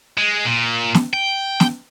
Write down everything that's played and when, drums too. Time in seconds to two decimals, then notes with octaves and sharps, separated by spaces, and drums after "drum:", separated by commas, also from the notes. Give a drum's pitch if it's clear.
0.18 G#3
0.45 A#2
0.95 drum: snare
1.14 G5
1.60 drum: snare